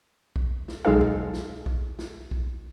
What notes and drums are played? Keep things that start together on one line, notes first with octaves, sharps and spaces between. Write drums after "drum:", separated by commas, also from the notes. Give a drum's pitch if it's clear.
drum: kick
drum: snare
B1 G#3 D#4 A4 F5
drum: kick
drum: snare
drum: kick
drum: snare
drum: kick